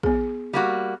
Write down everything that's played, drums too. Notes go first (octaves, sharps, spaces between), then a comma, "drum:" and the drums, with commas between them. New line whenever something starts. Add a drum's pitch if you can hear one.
B3 G#4, drum: kick
G3 A#3 F#4